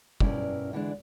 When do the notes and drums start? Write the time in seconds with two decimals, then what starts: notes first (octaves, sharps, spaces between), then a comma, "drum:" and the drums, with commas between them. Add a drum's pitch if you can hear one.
0.20 G2 B2 C#4 E4 A#4 D5, drum: kick
0.73 D3 E3 G#3 D4